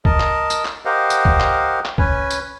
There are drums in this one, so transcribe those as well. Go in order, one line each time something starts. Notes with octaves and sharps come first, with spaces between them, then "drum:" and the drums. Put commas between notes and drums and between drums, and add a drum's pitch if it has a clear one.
A#4 D#5 A5, drum: kick
drum: clap
drum: tambourine
drum: clap
G4 A#4 C5 D#5 F5 F#5
drum: tambourine
drum: kick
drum: clap
drum: clap
C#4 B4 G#5, drum: kick
drum: tambourine